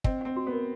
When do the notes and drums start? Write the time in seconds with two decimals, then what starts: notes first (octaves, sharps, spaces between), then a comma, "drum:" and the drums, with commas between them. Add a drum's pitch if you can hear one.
0.04 C4 D#5, drum: kick
0.21 C4 F#5
0.36 F#4
0.47 B3
0.53 A#4